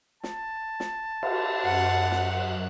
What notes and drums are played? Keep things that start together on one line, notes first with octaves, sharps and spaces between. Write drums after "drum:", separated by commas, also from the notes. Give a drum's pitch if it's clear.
A5, drum: snare
drum: snare
drum: cymbal
F#2 F#5 F#6
drum: snare